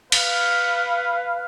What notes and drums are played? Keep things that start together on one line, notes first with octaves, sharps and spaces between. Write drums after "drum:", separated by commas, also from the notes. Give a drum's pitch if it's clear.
B4 F5, drum: cymbal